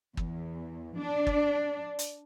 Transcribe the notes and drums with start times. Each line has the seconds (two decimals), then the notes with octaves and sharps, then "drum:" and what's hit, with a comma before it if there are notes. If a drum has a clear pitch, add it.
0.17 E2, drum: kick
0.98 D4
1.27 drum: kick
1.99 drum: hi-hat